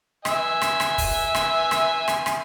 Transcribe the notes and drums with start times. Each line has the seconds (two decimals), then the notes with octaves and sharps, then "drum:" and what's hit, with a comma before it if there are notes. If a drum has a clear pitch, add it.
0.25 E5 G#5, drum: rim click
0.62 drum: rim click
0.80 drum: rim click
0.98 drum: kick, open hi-hat
1.35 drum: rim click
1.71 drum: rim click
2.08 drum: rim click
2.26 drum: rim click